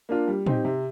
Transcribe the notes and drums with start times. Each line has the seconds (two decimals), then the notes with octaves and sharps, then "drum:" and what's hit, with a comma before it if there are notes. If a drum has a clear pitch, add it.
0.09 A#3 D4 F4
0.28 G3
0.46 C4 D#4 G4, drum: tom
0.65 C3